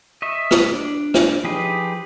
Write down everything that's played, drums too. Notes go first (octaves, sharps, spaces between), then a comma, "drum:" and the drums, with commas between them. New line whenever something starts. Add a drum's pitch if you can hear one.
D#5 E5 C#6
drum: rim click
D4
drum: rim click
F3 D#4 G4 G#4 B4